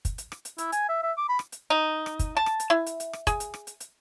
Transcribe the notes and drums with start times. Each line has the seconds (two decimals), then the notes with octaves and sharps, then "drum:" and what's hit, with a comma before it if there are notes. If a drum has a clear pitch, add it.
0.05 drum: kick, hi-hat
0.18 drum: hi-hat
0.32 drum: rim click
0.45 drum: hi-hat
0.58 E4, drum: hi-hat
0.72 G#5, drum: hi-hat
0.89 E5
1.02 E5
1.17 D6
1.29 B5
1.39 drum: rim click
1.52 drum: hi-hat
1.70 D#4
2.06 drum: rim click
2.19 drum: kick, hi-hat
2.37 A5
2.46 drum: rim click
2.60 drum: hi-hat
2.70 E4
2.87 drum: hi-hat
3.00 drum: hi-hat
3.13 drum: rim click
3.27 G#4, drum: kick, hi-hat
3.40 drum: hi-hat
3.54 drum: rim click
3.67 drum: hi-hat
3.80 drum: hi-hat